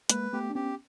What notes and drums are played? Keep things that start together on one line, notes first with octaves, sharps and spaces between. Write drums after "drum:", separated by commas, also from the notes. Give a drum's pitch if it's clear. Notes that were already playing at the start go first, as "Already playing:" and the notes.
G#3 A#3 B4, drum: hi-hat
A3 B3 G4
D4
B3 C#4 G4